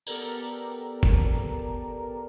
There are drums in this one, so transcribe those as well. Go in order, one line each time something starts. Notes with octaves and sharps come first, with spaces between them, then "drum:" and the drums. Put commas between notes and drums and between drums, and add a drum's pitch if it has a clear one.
B3 G4 A4 A#4 D5 A#5, drum: tambourine
drum: kick G1